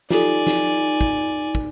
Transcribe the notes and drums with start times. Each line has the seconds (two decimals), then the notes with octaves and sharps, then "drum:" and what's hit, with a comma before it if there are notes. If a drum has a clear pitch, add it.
0.10 D#4 F4 G4 A4 D5 G#5, drum: snare
0.47 drum: snare
1.01 drum: kick
1.55 drum: kick